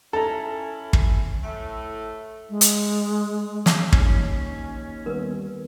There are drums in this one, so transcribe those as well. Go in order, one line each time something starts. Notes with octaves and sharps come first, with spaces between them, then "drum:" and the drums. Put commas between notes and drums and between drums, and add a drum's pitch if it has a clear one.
C#4 E4 A4 A#5
drum: kick
A2 A3
G#3
drum: hi-hat
drum: snare
D#2 C#4, drum: kick
D#3 G3 B3 A#4 B4